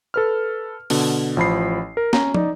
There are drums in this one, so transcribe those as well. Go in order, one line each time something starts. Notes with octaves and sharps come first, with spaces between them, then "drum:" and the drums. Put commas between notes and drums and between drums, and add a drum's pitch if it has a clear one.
A4 B4 F6
B2 D3, drum: open hi-hat
A1 F3 B5 C7
A#4
C#4 A#5, drum: snare
D#4 D5, drum: tom